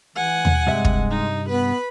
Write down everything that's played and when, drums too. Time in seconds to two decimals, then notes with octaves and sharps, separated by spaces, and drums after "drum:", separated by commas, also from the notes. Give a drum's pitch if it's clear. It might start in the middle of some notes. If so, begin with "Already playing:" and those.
0.16 E3 F#5 G#5
0.45 drum: tom D#2
0.67 G2 C3 G#3 E5
0.85 drum: kick
1.11 D#4
1.50 B3 B4 B5